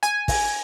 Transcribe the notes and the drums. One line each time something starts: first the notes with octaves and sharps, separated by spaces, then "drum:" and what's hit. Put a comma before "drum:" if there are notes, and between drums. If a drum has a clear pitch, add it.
G#5, drum: hi-hat
drum: kick, open hi-hat